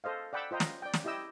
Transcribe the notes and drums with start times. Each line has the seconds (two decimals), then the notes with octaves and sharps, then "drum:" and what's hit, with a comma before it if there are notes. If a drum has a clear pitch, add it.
0.04 A4 C5 D#5 F5
0.33 D5 F#5 G5 B5 D6 E6
0.51 F4 C5 D#5 G5 A#5
0.60 drum: snare
0.82 D5 G5
0.94 drum: snare
1.05 E4 G4 D#5 G5 E6